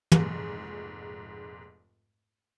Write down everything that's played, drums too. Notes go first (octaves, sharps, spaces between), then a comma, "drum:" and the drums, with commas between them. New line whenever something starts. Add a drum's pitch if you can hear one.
F1 A#1 G#2, drum: tom